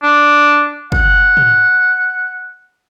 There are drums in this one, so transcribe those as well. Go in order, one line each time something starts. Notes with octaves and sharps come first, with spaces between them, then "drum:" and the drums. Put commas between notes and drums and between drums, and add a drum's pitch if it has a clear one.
D4
F#5, drum: kick
drum: tom